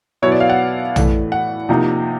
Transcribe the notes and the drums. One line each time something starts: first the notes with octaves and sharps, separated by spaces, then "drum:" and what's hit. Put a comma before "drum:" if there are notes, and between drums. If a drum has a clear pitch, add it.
B2 F#3 B3 E4 C#5
D5
F5
F#5
A2 E3 A3, drum: tom
F#5
C3 F3 A#3 D#4